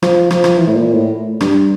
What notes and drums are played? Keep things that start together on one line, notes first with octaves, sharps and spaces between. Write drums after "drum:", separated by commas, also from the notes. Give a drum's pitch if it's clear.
F3, drum: rim click
F3, drum: rim click
drum: rim click
E3
A2
A#2
A2
G2, drum: rim click